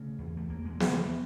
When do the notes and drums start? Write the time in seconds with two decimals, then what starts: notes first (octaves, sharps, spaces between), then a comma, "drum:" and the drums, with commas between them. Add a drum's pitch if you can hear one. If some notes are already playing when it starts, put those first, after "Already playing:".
Already playing: C#3 A3
0.18 E2
0.37 A3
0.48 E2 A#3
0.65 G#3
0.80 C#3 A#3, drum: snare
0.96 B3